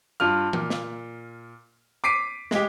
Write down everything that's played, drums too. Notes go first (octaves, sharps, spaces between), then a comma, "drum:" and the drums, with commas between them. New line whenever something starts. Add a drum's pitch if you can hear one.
G2 F4 F6
A#2, drum: tom E3
drum: snare
D6 B6 C7 D7 D#7
G#3 G4, drum: snare